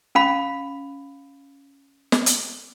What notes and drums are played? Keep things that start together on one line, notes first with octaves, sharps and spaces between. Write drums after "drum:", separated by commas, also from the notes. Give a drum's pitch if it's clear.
C#4 F5 B5
drum: snare
drum: hi-hat